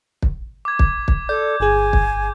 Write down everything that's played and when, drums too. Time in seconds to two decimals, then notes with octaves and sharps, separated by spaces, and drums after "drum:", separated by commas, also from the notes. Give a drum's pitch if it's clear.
0.22 drum: kick
0.65 D6 G#6
0.79 drum: kick
1.08 drum: kick
1.29 A4 D5 G6
1.60 G1 G#4 G#5
1.93 drum: kick